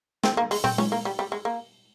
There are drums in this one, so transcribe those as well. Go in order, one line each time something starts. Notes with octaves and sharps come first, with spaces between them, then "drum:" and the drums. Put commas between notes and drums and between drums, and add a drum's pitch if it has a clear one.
C4, drum: snare
A#3
G#3, drum: open hi-hat
C4, drum: tom
C#4, drum: tom G#3
A#3
G3
G3
G#3
A#3